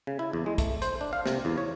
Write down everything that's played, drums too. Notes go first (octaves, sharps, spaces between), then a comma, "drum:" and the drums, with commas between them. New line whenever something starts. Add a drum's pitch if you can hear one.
C#3
E4
E2
G#3
A3, drum: kick, hi-hat
C5, drum: hi-hat
D4
F5
C3, drum: snare
E2
C#5